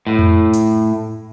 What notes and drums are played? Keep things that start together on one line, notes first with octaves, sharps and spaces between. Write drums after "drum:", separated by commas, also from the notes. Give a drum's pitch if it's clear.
A2
drum: tom F2
drum: hi-hat